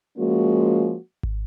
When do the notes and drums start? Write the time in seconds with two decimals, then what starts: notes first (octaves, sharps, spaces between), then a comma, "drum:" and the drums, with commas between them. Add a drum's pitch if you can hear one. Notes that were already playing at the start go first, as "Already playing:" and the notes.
0.17 F3 G#3 A#3 C#4 F#4
1.23 drum: kick G#1